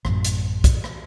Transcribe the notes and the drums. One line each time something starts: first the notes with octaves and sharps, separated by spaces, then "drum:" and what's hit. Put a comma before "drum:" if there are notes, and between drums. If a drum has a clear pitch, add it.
A1 F#2, drum: rim click
drum: hi-hat
drum: kick, hi-hat
drum: rim click